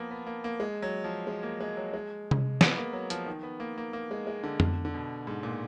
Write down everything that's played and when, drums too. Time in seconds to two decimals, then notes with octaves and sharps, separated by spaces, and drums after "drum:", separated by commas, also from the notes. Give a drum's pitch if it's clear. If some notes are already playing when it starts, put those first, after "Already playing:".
Already playing: F3 A#3 B3
0.11 B3
0.27 A#3
0.44 A#3
0.60 G#3
0.82 F#3
1.04 F3
1.27 G#3
1.43 A#3
1.60 G#3
1.77 F#3
1.93 G#3
2.31 drum: tom C3
2.61 B3, drum: snare
2.78 A#3
2.93 F#3
3.10 F3, drum: hi-hat
3.26 D#3
3.43 B3
3.60 A#3
3.78 A#3
3.93 A#3
4.11 G#3
4.27 G#3
4.43 D3
4.60 D3, drum: tom F2
4.85 D3
4.94 B2
5.27 G#2
5.43 A#2